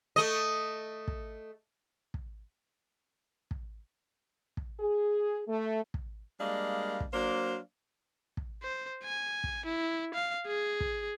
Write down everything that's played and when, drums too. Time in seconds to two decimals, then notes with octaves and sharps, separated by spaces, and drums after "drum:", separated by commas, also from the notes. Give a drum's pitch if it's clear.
0.16 A3 D#5
1.08 drum: kick
2.14 drum: kick
3.51 drum: kick
4.57 drum: kick
4.80 G#4
5.48 A3
5.94 drum: kick
6.40 G3 G#3 A#3 D4 D#5 F5
7.00 drum: kick
7.13 F#3 A#3 D4 C5 D5 F5
8.37 drum: kick
8.63 C5
9.04 G#5
9.44 drum: kick
9.66 E4
10.14 F5
10.47 G#4
10.80 drum: kick